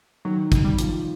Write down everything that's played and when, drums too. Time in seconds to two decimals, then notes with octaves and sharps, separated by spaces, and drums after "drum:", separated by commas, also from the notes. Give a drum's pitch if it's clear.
0.25 D#3 F#3
0.52 drum: kick, hi-hat
0.65 G3
0.78 F3, drum: hi-hat